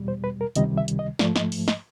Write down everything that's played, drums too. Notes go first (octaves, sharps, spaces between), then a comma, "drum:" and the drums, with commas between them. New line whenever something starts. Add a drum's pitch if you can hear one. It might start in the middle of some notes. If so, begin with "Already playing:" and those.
Already playing: E2 B2 G3
C5
B4
A#4
C#2 C3 D#3 G3 D#5, drum: hi-hat
E5
drum: hi-hat
D#5
G#2 F3 A3 D5, drum: snare
D#5, drum: snare
drum: open hi-hat
D#5, drum: snare